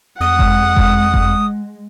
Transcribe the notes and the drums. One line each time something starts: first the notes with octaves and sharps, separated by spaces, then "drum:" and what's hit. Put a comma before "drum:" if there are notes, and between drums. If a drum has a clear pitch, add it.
F2 G#3 F#5 D#6
drum: kick F#1
drum: kick F#1
drum: kick F#1